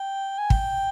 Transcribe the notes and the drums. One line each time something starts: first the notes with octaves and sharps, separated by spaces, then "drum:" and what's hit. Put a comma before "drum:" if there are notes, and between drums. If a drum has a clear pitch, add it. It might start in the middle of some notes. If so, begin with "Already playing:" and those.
Already playing: G5
G#5
G5, drum: kick